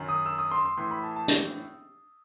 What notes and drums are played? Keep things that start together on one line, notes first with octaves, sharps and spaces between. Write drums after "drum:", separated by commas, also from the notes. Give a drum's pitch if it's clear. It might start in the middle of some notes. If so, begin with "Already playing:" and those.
Already playing: F#2 D#3
D#6
E6
D#6
C6
C6
A2 E3 C6
B5
A5
A5
drum: hi-hat